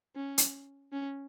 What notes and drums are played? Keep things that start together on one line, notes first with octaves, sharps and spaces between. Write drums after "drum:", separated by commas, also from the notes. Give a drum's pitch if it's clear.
C#4
drum: hi-hat
C#4